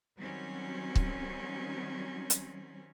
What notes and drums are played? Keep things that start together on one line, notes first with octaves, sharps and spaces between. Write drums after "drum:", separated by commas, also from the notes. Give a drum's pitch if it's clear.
D#3 F#3 G3 C4 C#4
drum: kick C#1
drum: hi-hat